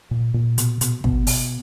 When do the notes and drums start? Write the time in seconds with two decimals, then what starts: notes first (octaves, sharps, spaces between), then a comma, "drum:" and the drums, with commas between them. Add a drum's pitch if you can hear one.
0.11 A#2
0.34 A#2
0.58 B2, drum: hi-hat
0.81 B2, drum: hi-hat
1.04 B2 B3, drum: kick
1.27 B2, drum: open hi-hat